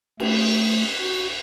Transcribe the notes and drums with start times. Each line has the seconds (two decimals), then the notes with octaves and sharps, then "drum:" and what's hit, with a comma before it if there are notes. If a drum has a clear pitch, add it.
0.20 A3, drum: cymbal
1.00 F#4